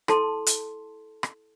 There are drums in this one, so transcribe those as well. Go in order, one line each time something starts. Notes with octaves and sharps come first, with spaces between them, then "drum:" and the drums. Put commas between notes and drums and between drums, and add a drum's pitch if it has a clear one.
E4 A4 A5 C6, drum: rim click
drum: hi-hat
drum: rim click